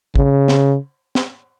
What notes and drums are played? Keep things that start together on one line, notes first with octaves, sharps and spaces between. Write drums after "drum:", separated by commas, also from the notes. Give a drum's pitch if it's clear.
C#3, drum: kick
drum: snare
drum: snare